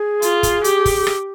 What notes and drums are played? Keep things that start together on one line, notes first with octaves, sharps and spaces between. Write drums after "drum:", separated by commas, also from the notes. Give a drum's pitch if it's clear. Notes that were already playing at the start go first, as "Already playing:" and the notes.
Already playing: G#4
F4, drum: hi-hat
drum: kick, hi-hat
G4, drum: hi-hat
drum: kick, open hi-hat
drum: rim click